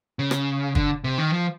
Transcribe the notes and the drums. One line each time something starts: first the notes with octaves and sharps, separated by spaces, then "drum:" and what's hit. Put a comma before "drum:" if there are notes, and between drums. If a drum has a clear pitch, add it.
C#3
drum: rim click
D3, drum: kick
C3
D#3
F3